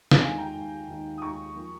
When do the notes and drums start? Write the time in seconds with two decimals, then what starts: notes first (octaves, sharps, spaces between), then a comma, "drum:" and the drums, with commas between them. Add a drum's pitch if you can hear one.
0.11 drum: snare
0.21 D#2 D#3 G#3 F5 G#5
0.38 G5 A#5
0.55 D#2 D#3 G#3
0.88 D#2 D#3 G#3
1.18 D#6
1.22 D#2 D#3 G#3 A#5 C#6
1.55 F3 A#3